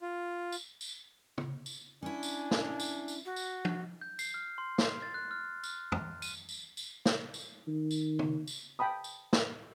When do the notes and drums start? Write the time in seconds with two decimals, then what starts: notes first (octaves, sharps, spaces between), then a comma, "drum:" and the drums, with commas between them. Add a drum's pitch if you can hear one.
0.02 F4
0.52 drum: tambourine
0.81 drum: tambourine
1.38 drum: tom
1.66 drum: tambourine
2.03 C#4 D4 E4 G#5
2.23 drum: tambourine
2.51 drum: snare
2.80 drum: tambourine
3.08 drum: tambourine
3.25 F#4
3.36 drum: tambourine
3.65 drum: tom
4.01 G6
4.19 C7, drum: tambourine
4.34 F6
4.58 C6
4.78 drum: snare
5.02 A6
5.14 F#6
5.31 F6
5.64 F6, drum: tambourine
5.92 drum: tom
6.22 D#7, drum: tambourine
6.49 drum: tambourine
6.77 drum: tambourine
7.06 drum: snare
7.34 drum: tambourine
7.67 D#3
7.91 drum: tambourine
8.19 drum: tom
8.47 drum: tambourine
8.79 G5 A5 B5 D#6
9.04 drum: tambourine
9.33 drum: snare